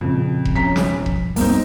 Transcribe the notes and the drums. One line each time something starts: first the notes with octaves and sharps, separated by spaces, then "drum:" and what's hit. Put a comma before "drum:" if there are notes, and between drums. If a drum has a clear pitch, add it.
F2 A#2 C#3
drum: kick E1
E1 F3 C#4 A#5 B6
drum: snare
drum: kick E1
C#2 G2 G3 A#3 C4 D#4, drum: open hi-hat